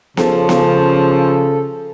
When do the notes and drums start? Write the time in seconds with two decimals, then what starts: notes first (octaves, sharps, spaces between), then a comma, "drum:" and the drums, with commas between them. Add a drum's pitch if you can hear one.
0.17 C#3 F3 A4, drum: snare B3
0.49 drum: snare B3